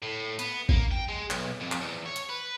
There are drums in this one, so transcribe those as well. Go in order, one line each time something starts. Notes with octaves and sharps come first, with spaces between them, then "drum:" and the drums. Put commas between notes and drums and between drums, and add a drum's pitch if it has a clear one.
A2
B3, drum: hi-hat
A#3, drum: kick G#1
G5
G#3
B1, drum: clap
F2
drum: clap
E2
C#5
drum: hi-hat
B4